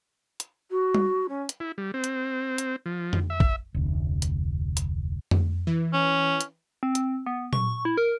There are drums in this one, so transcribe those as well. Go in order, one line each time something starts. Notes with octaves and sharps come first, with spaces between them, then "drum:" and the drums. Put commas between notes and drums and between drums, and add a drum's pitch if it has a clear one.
drum: hi-hat
F#4
drum: tom G3
C#4
drum: hi-hat
E4
G3
C4
drum: hi-hat
drum: hi-hat
F3
drum: tom F2
E5
drum: kick A#1
F1 D2
drum: hi-hat
drum: hi-hat
drum: tom F2
E3
C#4
drum: hi-hat
C4
drum: hi-hat
B3
C#6, drum: tom A#2
E4
A#4